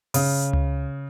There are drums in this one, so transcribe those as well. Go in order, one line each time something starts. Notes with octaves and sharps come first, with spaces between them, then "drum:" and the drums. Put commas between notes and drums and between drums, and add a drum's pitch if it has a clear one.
C#3, drum: open hi-hat
drum: tom C#2